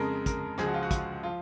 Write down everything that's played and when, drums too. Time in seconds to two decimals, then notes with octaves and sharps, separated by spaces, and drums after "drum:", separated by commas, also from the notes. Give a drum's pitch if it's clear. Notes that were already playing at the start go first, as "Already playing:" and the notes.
Already playing: F2 C#3 G#3 A#4
0.26 A#4, drum: kick, hi-hat
0.58 C#2 C#3 F3 G#3 G#4, drum: rim click
0.67 F#4
0.74 F4
0.83 F#4
0.91 F4, drum: kick, hi-hat
1.23 F3 F4